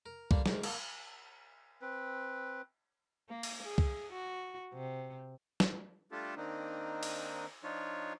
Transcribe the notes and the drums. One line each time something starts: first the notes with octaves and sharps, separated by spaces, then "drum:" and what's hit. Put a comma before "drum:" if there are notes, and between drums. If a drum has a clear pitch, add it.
A#4
D3 G3 A#3 D4, drum: kick C2
D2 G#2 A#4, drum: snare
A#3, drum: cymbal
C4 B4
A#3
drum: cymbal
G#4
drum: kick C2
F#4
C3
drum: snare
G3 A3 D4 F4 G4 A4
D#3 A#3 C4 D4 D#4
drum: cymbal
F3 D4 D#4 F4 C#5